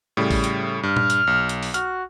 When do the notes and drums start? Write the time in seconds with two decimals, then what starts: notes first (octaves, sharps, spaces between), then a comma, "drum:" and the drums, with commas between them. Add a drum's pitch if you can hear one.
0.17 A2 C#3 G3
0.31 drum: kick A1, open hi-hat
0.44 drum: hi-hat
0.83 G2 F6
0.97 drum: tom A#2
1.10 drum: hi-hat
1.27 B1
1.49 drum: hi-hat
1.63 drum: open hi-hat
1.74 F#4 F6, drum: hi-hat